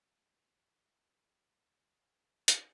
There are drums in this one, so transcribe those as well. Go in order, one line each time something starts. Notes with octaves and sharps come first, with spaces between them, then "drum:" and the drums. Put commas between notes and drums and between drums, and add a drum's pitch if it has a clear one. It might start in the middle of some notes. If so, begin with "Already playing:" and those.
G#2 G3
A#3 F#4 G#4
F5 F#5 G#5 B5 C6
drum: hi-hat